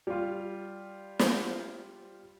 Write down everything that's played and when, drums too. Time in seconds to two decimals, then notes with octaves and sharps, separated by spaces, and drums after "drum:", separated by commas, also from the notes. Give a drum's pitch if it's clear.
0.07 G3 F4
1.19 drum: snare